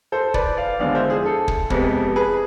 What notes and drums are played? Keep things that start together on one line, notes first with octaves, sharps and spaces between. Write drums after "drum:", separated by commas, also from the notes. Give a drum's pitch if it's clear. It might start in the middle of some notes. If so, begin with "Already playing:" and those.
A4 C5
B4 D5, drum: kick
D5 F5
E2 D3 F3 G#3 D5 F5
C5 E5
G#4
A4
drum: kick
F2 C3 G#3 B3, drum: kick
G#4 B4